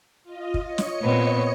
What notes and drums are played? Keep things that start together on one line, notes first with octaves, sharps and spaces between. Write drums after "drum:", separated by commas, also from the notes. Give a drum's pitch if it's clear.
F4 D#5
drum: kick
C#5 D#5 C#7
drum: snare
A#2 B3 C4